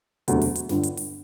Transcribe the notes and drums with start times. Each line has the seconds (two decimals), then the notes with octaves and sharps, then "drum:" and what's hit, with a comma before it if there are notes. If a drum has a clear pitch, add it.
0.28 E1 D2 C3 F#3 A3, drum: hi-hat
0.41 drum: open hi-hat
0.55 drum: hi-hat
0.69 G1 G2 D3, drum: snare
0.83 drum: hi-hat
0.97 drum: open hi-hat